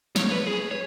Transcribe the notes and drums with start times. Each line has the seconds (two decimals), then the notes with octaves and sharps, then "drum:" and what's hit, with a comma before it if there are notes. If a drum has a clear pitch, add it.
0.16 C#5, drum: snare
0.32 B4
0.47 G#4
0.71 C#5